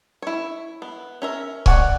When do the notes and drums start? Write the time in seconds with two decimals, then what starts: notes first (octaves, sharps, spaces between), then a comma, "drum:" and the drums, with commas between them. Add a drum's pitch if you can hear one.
0.22 E4 C#5
0.82 B3
1.22 C#4 A#4 E5
1.66 C#5 D5 F#5 C#6, drum: kick C#1